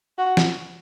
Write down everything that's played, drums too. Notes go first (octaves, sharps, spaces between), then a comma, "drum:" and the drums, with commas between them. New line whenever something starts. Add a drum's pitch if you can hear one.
F#4
drum: snare